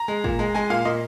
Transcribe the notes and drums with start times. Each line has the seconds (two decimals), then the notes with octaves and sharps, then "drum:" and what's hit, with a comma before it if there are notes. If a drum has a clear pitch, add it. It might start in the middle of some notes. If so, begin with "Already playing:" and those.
Already playing: A#5
0.08 G#3
0.24 A#2, drum: kick
0.39 G#3
0.55 G#3 G#5
0.70 A#2 F5
0.85 A#2 D#5